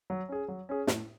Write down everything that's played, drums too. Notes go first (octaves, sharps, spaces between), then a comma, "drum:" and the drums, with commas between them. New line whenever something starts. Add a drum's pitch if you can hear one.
F#3
C#4 G#4
F#3
C#4 G#4
A2, drum: snare